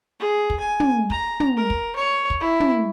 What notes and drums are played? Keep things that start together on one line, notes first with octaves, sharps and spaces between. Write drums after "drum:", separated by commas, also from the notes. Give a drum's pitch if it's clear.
G#4
drum: kick
G#5
drum: tom
A#5, drum: kick
drum: tom
A#4
drum: kick
C#5
drum: kick
E4
drum: tom